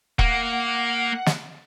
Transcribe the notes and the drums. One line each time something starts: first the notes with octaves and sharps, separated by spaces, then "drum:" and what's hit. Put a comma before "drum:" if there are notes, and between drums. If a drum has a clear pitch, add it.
A#3 F#5, drum: kick E1
drum: snare